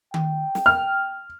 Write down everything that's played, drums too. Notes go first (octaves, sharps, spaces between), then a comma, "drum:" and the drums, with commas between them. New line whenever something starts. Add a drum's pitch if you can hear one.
G5, drum: tom D#3
drum: snare
F6